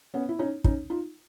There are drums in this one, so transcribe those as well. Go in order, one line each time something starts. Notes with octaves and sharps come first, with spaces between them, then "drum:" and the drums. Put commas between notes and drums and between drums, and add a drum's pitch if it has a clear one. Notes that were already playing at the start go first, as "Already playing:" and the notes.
B3 C#4
E4
C#4 D#4
C#4 D#4, drum: kick
D#4 F4